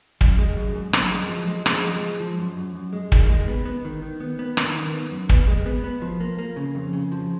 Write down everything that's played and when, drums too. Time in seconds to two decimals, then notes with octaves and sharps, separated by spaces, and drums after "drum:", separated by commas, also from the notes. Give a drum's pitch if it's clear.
0.21 F#2, drum: kick
0.39 G#3
0.57 F#2
0.75 F#2
0.93 F#2, drum: rim click
1.12 G#3
1.29 F3
1.48 G#3
1.66 F3, drum: rim click
1.84 G#3
2.02 F3
2.20 F3
2.38 F#2
2.57 F#2
2.75 F#2
2.93 G#3
3.12 D#3, drum: kick
3.29 G#3
3.48 B3
3.65 B3
3.85 D#3
4.02 D#3
4.20 B3
4.39 B3
4.57 D#3, drum: rim click
4.75 D#3
4.93 B3
5.11 F#2
5.29 B3, drum: kick
5.48 G#3
5.66 B3
5.84 B3
6.02 F3
6.20 A#3
6.38 A#3
6.56 C#3
6.75 F2
6.93 C#3
7.12 F3